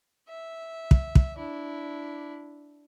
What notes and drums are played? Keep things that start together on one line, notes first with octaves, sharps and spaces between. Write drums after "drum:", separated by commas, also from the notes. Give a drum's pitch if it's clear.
E5
drum: kick
drum: kick
D4 E4